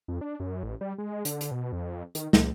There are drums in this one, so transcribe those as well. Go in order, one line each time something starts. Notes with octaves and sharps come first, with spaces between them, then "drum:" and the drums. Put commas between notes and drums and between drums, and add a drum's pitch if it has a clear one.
F2
D4
F#2
A1
G3
G#3
D3, drum: hi-hat
drum: hi-hat
B2
F2
D#3, drum: hi-hat
C#2, drum: snare